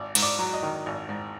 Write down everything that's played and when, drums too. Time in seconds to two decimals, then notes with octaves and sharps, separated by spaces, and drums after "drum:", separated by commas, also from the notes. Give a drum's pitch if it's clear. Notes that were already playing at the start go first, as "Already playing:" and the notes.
Already playing: G#1 D5
0.15 G#2, drum: cymbal
0.22 D5
0.39 F#3
0.54 D#5
0.63 D#3
0.86 G#1
1.09 G#2